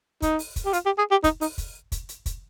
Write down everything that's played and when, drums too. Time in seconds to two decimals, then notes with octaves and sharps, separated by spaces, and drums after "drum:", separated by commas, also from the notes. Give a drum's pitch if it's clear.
0.22 D#4, drum: kick, hi-hat
0.39 drum: open hi-hat
0.56 drum: kick, hi-hat
0.66 G4
0.73 F4, drum: hi-hat
0.86 G4
0.98 G#4
1.11 G4
1.24 D#4, drum: kick, hi-hat
1.41 D#4, drum: open hi-hat
1.58 drum: kick, hi-hat
1.92 drum: kick, hi-hat
2.09 drum: hi-hat
2.26 drum: kick, hi-hat